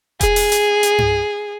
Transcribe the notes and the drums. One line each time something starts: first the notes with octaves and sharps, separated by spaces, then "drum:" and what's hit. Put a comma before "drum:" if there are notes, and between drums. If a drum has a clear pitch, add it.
G#4, drum: kick E1, hi-hat
drum: open hi-hat
drum: hi-hat
drum: hi-hat
drum: tom G2